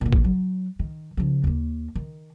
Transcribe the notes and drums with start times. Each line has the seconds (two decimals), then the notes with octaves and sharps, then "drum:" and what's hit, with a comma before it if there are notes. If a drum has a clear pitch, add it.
0.01 A#2 D3
0.13 drum: kick
0.24 F#3
0.79 D#3
1.17 C#3 F3
1.44 D#2 A#3
1.95 D#3